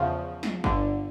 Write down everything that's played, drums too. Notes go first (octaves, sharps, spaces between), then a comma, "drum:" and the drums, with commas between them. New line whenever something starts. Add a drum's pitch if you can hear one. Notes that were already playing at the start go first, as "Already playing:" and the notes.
Already playing: E2 C#3 F3
drum: snare
G1 G2 D3, drum: kick